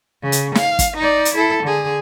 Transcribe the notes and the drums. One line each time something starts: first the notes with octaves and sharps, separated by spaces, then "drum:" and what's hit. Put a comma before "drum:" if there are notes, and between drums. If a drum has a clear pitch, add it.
C#3
drum: hi-hat
F5, drum: snare
drum: kick, hi-hat
D#4 D5
drum: hi-hat
E4 A4
D3 G#4